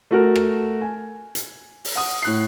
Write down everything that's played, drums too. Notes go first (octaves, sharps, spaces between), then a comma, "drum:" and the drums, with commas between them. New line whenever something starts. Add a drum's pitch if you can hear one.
A3 F#4 A#4
drum: rim click
G#5
drum: hi-hat
drum: open hi-hat
F#5 D#6
A2 F#6 C7